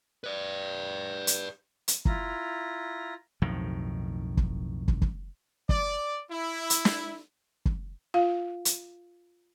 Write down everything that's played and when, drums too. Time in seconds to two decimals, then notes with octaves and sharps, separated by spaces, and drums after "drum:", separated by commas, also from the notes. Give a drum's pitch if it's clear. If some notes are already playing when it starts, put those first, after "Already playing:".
0.24 B4 D5
1.27 drum: hi-hat
1.88 drum: hi-hat
2.05 E4 F4 A#5, drum: kick
3.42 B1 F2 A2 D#3
4.37 drum: kick
4.88 drum: kick
5.02 drum: kick
5.69 D5, drum: kick
6.30 E4
6.70 drum: hi-hat
6.85 drum: snare
7.66 drum: kick
8.14 F4 F5
8.65 drum: hi-hat